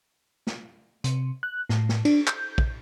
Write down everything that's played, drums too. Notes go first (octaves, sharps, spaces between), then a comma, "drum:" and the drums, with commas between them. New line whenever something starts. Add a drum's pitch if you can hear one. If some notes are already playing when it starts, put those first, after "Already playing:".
drum: snare
C3, drum: hi-hat
F#6
A2, drum: snare
drum: snare
D4, drum: cymbal
G6, drum: clap
drum: kick